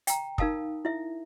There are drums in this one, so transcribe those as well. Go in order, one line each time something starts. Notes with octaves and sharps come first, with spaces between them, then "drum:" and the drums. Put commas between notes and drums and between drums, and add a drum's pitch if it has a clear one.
G5 A#5, drum: hi-hat
D#4 A#4 F5 A5 D#6, drum: kick
E4 E5